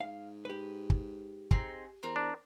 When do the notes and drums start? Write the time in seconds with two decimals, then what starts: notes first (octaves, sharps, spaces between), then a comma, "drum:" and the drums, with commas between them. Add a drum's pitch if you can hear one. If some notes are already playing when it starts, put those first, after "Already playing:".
0.01 G#2 F5
0.45 G4 B4
0.90 drum: kick
1.51 C4 D#4 G#4, drum: kick
2.03 E2 C4 A#4
2.16 D4